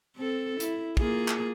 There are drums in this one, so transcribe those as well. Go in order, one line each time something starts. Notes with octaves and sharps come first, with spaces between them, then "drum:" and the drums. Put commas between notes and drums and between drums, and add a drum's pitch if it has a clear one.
C4 A4
E4, drum: hi-hat
A#3 F4 G#4, drum: kick
drum: clap